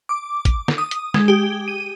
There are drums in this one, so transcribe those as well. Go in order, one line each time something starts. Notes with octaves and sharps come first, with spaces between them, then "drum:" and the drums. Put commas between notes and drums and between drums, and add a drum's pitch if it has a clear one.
D6
drum: kick, hi-hat
drum: snare
D#6
drum: hi-hat
G#3, drum: snare
G4
D#7